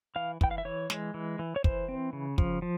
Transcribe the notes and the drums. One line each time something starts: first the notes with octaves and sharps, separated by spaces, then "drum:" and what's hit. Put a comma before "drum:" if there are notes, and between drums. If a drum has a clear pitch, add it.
E3 F5
E3 G5, drum: kick
F5
E5
E3 C#5
G#3, drum: snare
E3
E3
C#5
E3 C5, drum: kick
C4
C#3
F3, drum: kick
F3